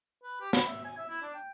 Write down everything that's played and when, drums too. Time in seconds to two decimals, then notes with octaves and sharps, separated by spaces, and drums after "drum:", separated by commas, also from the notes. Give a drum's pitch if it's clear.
0.23 B4
0.40 G4
0.53 B5, drum: snare
0.67 E5
0.85 G#5
0.98 E5
1.09 E4
1.22 D4
1.35 G5